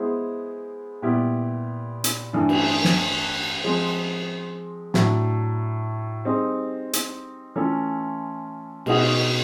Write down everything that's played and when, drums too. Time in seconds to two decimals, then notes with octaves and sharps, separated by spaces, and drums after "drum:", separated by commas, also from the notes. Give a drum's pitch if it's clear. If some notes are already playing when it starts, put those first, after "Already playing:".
Already playing: G#3 B3 E4 G#4 C5
1.02 A#2 G3 B3 E4 G4
2.04 drum: hi-hat
2.33 G2 E3 A3 D4
2.49 drum: cymbal
2.84 drum: snare
3.64 F3 G#3 C4
4.94 A2 F#3 A3 D4, drum: snare
6.25 G3 C4 D#4 G#4
6.93 drum: hi-hat
7.56 E3 A3 C#4 F4 A4
8.86 B2 G#3 B3 D#4 F#4, drum: cymbal